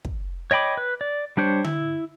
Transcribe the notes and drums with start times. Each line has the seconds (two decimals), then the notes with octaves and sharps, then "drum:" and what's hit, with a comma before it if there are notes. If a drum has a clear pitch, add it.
0.05 drum: kick
0.51 C#5 D#5 G5 B5 D6
0.77 B4
1.01 D5
1.37 G3 D4 C5 C#5
1.64 E4, drum: tom D3